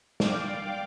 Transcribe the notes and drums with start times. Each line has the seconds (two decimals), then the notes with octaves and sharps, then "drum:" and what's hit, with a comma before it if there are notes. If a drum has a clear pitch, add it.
0.20 D5 F5 G5 D6, drum: snare